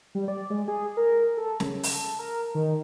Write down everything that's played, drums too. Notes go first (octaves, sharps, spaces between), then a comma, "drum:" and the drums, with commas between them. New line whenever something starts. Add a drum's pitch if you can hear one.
G3
D5
G#3
G#4
A#4
A4
C#3, drum: snare
drum: open hi-hat
A4
A#4
D#3